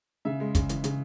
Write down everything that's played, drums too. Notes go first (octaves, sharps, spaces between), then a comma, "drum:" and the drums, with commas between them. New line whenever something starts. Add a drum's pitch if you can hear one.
C#3 E5
G#3
C#3, drum: kick, hi-hat
E3, drum: hi-hat
C#3, drum: hi-hat